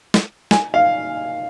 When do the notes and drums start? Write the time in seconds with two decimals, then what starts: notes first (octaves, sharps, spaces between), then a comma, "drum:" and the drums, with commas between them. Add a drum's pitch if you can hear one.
0.14 drum: snare
0.51 G#5, drum: snare
0.74 F5